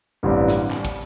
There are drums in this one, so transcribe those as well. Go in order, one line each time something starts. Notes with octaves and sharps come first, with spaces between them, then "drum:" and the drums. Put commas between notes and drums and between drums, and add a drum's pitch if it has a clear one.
A1 G2 D3 G3 C4
drum: snare
drum: clap
drum: kick